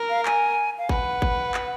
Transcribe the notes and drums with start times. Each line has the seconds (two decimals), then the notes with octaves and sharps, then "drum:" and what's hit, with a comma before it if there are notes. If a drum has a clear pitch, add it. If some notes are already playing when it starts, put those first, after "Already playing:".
Already playing: A#4
0.10 F5
0.25 G#5, drum: clap
0.78 F5
0.89 B4 F#5, drum: kick G#1
1.22 drum: kick G#1
1.54 drum: clap